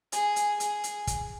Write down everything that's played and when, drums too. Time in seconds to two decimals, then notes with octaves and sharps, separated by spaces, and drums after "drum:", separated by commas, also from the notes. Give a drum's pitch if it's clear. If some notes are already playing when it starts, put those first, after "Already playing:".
0.12 G#4, drum: hi-hat
0.36 drum: hi-hat
0.60 G#4, drum: hi-hat
0.84 drum: hi-hat
1.07 drum: kick, hi-hat